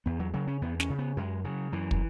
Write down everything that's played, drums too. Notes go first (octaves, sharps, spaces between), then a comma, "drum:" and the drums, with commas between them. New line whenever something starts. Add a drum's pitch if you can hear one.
E2 B3
F#3
C#3 F#3
C#4
E2 B3
C#4, drum: snare
C#3
B3
F#2 G#3
C#3 F#3
F#2 E3
drum: kick